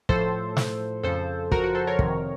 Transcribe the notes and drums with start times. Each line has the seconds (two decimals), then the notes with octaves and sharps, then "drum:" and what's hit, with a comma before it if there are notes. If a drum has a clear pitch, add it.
0.09 A2 F3 A4 C5, drum: kick
0.57 drum: snare
1.03 F2 C#3 F3 A4 C5
1.52 F#4 A#4, drum: kick
1.63 F#4 A#4
1.75 A4 C5
1.87 A#4 C#5
1.99 F2 C3 D#3, drum: kick